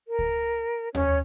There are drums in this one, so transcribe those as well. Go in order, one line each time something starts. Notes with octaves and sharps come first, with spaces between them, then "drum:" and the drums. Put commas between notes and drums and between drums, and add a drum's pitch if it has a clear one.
A#4
drum: kick C#2
C#4 C#5, drum: tom D#2